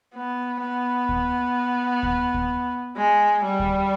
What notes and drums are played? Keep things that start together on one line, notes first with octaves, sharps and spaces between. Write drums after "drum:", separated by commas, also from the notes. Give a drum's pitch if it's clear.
B3
B3
drum: kick D2
drum: kick D2
drum: kick D2
G#3
G3
drum: kick D2